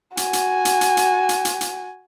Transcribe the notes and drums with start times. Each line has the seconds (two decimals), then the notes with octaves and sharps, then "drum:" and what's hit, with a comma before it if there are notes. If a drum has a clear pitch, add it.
0.17 F#4 G#5, drum: hi-hat
0.33 drum: hi-hat
0.65 drum: hi-hat
0.81 drum: hi-hat
0.97 drum: hi-hat
1.29 drum: hi-hat
1.45 drum: hi-hat
1.61 drum: hi-hat